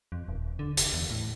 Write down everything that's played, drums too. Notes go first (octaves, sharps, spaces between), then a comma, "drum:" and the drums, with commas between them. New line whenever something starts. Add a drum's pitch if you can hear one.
F2
D#1
D3
F1, drum: hi-hat
E2
A2